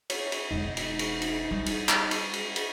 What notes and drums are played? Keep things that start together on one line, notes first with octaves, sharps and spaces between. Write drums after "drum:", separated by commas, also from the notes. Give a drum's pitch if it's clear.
C#5, drum: cymbal
drum: cymbal
E1 D3 D#4
drum: cymbal
drum: cymbal
drum: cymbal
G3
drum: cymbal
drum: clap
drum: cymbal
drum: cymbal
drum: cymbal